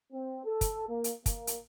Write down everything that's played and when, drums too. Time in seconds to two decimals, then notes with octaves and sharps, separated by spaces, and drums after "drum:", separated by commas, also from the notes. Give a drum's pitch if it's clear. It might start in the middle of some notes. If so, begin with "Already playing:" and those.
0.13 C4
0.45 A4
0.61 drum: kick, hi-hat
0.88 A#3
1.04 drum: hi-hat
1.26 A#3, drum: kick, hi-hat
1.47 drum: hi-hat